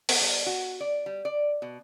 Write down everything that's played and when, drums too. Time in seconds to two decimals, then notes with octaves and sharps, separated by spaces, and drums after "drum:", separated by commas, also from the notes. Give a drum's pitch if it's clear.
0.09 B3, drum: open hi-hat
0.21 G3
0.47 F#4
0.81 D5
1.06 G3
1.25 D5
1.62 B2